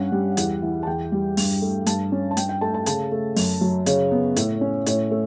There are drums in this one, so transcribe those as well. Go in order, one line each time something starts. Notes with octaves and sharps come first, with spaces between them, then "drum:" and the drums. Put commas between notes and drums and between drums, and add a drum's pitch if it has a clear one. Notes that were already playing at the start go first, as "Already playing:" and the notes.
Already playing: G2 C#4 F#5
G3
E2, drum: hi-hat
E3
A5
E2 G5
G3
G2, drum: open hi-hat
A3
G2 A5, drum: hi-hat
C#4
A5
G2 G5, drum: hi-hat
G5
A3 A5
A5
C#3 A5, drum: hi-hat
A3
F#2, drum: open hi-hat
F#3
C#3 C#5, drum: hi-hat
B3
A2, drum: hi-hat
C#4
A2 C#5, drum: hi-hat
A3